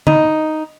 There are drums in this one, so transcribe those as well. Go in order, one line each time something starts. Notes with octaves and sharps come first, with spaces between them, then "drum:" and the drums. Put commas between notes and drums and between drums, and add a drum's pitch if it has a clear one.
D#4, drum: tom D3